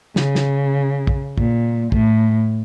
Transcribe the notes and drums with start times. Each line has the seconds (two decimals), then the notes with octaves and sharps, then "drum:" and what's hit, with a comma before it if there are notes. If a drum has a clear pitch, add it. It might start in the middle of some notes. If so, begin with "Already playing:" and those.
0.16 C#3, drum: snare
0.35 drum: snare
1.07 drum: kick
1.38 A#2, drum: kick
1.92 A2, drum: kick